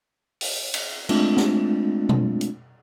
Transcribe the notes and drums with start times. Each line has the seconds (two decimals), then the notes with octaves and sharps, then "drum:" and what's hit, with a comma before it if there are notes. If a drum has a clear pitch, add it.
0.41 drum: open hi-hat
0.74 drum: cymbal
1.09 G#3 A3 C4 D4 F4, drum: cymbal
1.37 drum: snare
2.09 drum: tom B2
2.41 drum: hi-hat